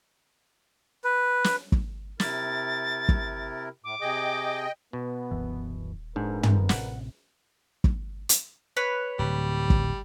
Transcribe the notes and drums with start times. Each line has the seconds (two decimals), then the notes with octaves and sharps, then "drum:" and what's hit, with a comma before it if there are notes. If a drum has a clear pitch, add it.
1.04 B4
1.44 drum: snare
1.72 drum: kick
2.20 C3 E4 A#4 A6, drum: snare
3.09 drum: kick
3.84 A2 D6
4.01 C3 G#4 D#5 G5
4.93 B2 B3
5.31 D#1 C2 F#2 E3
6.16 F2 G#2 D4 A#4 B4
6.43 drum: tom
6.69 A1 A2 C3 F#5, drum: snare
7.84 drum: kick
8.29 drum: hi-hat
8.77 B4 C#5 B5
9.19 D1 G3
9.70 drum: kick